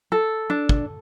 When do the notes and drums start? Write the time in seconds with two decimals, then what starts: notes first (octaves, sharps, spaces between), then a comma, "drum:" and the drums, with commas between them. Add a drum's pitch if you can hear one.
0.12 A4
0.50 D4
0.69 drum: kick